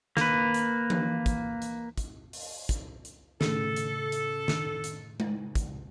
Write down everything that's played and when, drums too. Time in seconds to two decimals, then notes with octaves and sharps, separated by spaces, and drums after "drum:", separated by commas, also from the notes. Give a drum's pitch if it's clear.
0.17 A#3 B4, drum: snare
0.54 drum: hi-hat
0.90 drum: tom E3
1.26 drum: kick, hi-hat
1.62 drum: hi-hat
1.98 drum: kick, hi-hat
2.33 drum: open hi-hat
2.69 drum: kick, hi-hat
3.05 drum: hi-hat
3.41 A2 C#3 A4, drum: snare
3.76 drum: hi-hat
4.12 drum: hi-hat
4.48 drum: snare
4.84 drum: hi-hat
5.20 drum: tom G#3
5.55 drum: kick, hi-hat